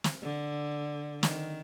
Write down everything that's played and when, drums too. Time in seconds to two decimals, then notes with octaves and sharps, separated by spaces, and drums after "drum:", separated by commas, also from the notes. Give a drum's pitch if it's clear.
0.04 drum: snare
0.23 D3
1.23 D#3, drum: snare